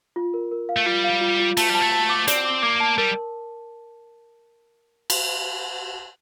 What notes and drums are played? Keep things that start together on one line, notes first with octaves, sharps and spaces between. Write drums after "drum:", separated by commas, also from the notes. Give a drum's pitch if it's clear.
F4
A#4
A#4
F5
A3
G3 F4
F5
F4
F4
A3 A5, drum: cymbal
G3
A5
A3
A5
D6
C4 D5, drum: hi-hat
D6
A#3 D6
A5
G3 A#4
drum: cymbal